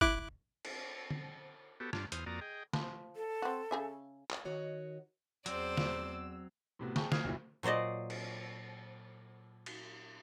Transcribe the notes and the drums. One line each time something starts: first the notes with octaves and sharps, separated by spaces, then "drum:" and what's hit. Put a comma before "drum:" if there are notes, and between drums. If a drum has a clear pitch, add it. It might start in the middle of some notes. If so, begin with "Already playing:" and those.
E4 D6 F#6, drum: kick
drum: cymbal
drum: tom D3
B3 F#4 G4 A4
G2 D4 F4, drum: rim click
E2 C5 D#6 F6, drum: hi-hat
F2 A#3 F#4 D5 A#5 D#6
G#4 D#5 G5
F3, drum: snare
A4
C4 F#4
C#3 G#4 E5
drum: clap
D#3 F#4 C#5 D#5
E2 F#3 C4 C5 D5 E6, drum: hi-hat
drum: snare
A2 C3 B3 F#4
G#4 G5 A5 C#6, drum: snare
D#6 F6 G#6 C7, drum: snare
F#1 A#2 F#3 E4
A#2 F#3 C5 D5 D#5
drum: cymbal
drum: cymbal